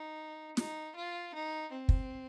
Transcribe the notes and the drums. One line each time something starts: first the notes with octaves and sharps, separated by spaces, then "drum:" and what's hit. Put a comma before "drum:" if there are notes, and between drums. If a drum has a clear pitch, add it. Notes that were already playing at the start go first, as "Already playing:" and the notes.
Already playing: D#4
D#4, drum: snare
F4
D#4
C4
drum: kick